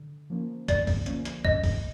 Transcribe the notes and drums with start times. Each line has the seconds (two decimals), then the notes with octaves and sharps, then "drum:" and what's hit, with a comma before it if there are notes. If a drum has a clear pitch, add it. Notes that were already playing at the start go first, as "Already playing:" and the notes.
Already playing: D3
0.30 F3 A#3 C#4
0.68 D3 D5, drum: kick, hi-hat
0.87 drum: kick, open hi-hat
1.06 F3 A#3 C#4, drum: hi-hat
1.25 drum: hi-hat
1.45 A#2 D#5, drum: kick
1.64 drum: kick, open hi-hat